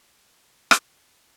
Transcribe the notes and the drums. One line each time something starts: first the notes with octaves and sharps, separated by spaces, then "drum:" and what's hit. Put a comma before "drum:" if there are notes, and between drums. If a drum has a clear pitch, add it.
C#4 B4
drum: rim click